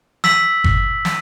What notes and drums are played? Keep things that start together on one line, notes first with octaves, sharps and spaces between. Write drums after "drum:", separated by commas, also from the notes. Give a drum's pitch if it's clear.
E6 B6 F#7, drum: snare
drum: kick G1
drum: snare